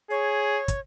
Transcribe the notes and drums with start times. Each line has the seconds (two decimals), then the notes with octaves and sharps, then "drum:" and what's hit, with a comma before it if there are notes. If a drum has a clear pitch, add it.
0.11 G#4 C#5
0.68 drum: kick, hi-hat